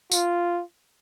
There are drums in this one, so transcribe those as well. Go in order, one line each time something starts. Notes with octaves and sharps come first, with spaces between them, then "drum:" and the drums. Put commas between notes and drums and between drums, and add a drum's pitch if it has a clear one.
F4, drum: tambourine